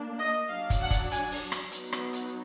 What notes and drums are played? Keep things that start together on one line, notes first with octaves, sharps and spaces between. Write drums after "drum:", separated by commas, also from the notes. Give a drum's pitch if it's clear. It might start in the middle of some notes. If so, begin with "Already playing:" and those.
Already playing: A#3 D4
D#5
F#3 D4 F5
drum: kick, hi-hat
F#5
drum: kick, hi-hat
G#5, drum: hi-hat
drum: open hi-hat
drum: rim click
F#3 B3 D#4, drum: hi-hat
drum: rim click
drum: hi-hat